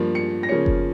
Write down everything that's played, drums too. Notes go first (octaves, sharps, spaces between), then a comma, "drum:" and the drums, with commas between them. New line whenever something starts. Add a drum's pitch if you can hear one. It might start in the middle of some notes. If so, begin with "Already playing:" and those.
Already playing: G2 F3 A#3
C#7
A#6
C#3 F3 A#3 C#4 C#7
drum: kick F#1